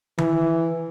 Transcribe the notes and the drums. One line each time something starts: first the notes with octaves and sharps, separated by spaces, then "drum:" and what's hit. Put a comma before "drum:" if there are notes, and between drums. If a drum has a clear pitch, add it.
E3, drum: tom D#3